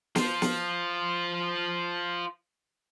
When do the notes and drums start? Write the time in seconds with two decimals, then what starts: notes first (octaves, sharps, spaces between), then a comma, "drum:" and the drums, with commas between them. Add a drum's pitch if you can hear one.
0.16 F4 C5, drum: snare
0.42 drum: snare